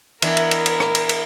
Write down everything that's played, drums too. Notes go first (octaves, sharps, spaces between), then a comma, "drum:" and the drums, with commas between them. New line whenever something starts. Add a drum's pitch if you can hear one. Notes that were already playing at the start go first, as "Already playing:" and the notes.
E3 B3 D4 A#4, drum: cymbal
drum: cymbal
drum: cymbal
drum: cymbal
drum: rim click
drum: cymbal
drum: cymbal